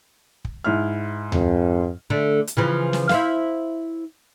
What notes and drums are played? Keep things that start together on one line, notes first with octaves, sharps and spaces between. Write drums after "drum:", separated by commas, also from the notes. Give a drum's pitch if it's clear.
drum: kick
G#2 E4 F6
F2, drum: tom D2
D3 A3
drum: hi-hat
C#3 E3 F3
drum: snare
E4 C5 F5, drum: snare